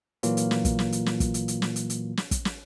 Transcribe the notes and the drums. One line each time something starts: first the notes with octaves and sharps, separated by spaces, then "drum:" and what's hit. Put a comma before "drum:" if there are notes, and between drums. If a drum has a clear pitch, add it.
A#2 E3 F#3 A#3 F4, drum: hi-hat
drum: hi-hat
drum: snare
drum: kick, hi-hat
drum: snare
drum: hi-hat
drum: snare
drum: kick, hi-hat
drum: hi-hat
drum: hi-hat
drum: snare
drum: hi-hat
drum: hi-hat
drum: snare
drum: kick, hi-hat
drum: snare